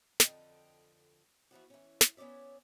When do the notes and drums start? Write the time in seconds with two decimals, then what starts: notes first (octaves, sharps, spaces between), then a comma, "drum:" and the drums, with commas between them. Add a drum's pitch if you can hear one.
0.20 F2 D3 D#3 D#5 G5 A5, drum: snare
1.51 E3 F3 B3 F#4
1.70 E3 C#4
2.01 drum: snare
2.17 B3 C#4 C#5 D5 E5